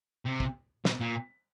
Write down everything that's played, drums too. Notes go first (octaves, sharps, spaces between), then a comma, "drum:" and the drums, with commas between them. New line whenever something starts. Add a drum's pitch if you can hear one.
C3
drum: kick
B2, drum: snare
A#2